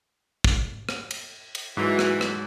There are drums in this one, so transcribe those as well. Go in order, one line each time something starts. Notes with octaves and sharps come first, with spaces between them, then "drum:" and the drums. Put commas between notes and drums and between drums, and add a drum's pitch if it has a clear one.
drum: kick
drum: rim click
drum: cymbal
drum: cymbal
G#2 E3 F#3 F#4
drum: rim click
drum: rim click